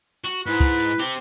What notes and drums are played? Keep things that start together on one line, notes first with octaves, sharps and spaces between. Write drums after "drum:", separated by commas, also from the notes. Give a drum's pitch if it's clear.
F#4
G#2 E4 B4
drum: kick, open hi-hat
drum: hi-hat
C4 G4, drum: hi-hat